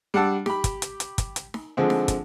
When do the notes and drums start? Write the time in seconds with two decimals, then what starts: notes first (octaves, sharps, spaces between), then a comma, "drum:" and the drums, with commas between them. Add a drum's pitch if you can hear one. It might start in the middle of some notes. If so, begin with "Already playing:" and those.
0.14 G3 D4 F#5 A5 E6
0.46 G4 B5, drum: snare D#4
0.64 drum: kick, hi-hat
0.82 drum: hi-hat
1.00 drum: hi-hat
1.18 drum: kick, hi-hat
1.36 drum: hi-hat
1.54 drum: snare D#4
1.77 D3 F3 G#3 C4
1.90 drum: snare D#4
2.08 drum: kick, hi-hat